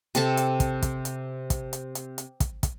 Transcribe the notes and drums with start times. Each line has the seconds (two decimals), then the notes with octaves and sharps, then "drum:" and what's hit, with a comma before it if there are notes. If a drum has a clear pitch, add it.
0.15 C3 A4 A5, drum: hi-hat
0.37 drum: hi-hat
0.60 drum: kick, hi-hat
0.82 drum: kick, hi-hat
1.05 drum: hi-hat
1.50 drum: kick, hi-hat
1.73 drum: hi-hat
1.95 drum: hi-hat
2.18 drum: hi-hat
2.40 drum: kick, hi-hat
2.63 drum: kick, hi-hat